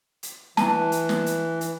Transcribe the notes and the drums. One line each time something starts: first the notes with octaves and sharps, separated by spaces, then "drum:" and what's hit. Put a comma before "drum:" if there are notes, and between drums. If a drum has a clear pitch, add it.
drum: hi-hat
E3 A5, drum: snare
drum: hi-hat
drum: snare
drum: hi-hat
drum: hi-hat